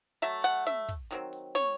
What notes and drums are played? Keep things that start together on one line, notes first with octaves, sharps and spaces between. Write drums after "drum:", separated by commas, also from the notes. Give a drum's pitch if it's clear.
F#3 A3 E5
F#5, drum: open hi-hat
E5, drum: snare
drum: kick, hi-hat
D#3 F#3 C4
drum: hi-hat
C#5, drum: snare